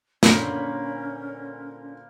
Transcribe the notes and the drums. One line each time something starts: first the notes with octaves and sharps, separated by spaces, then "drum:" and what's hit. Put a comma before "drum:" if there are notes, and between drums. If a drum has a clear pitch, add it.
A#2 D3 A#3 C#4 C5 B5, drum: snare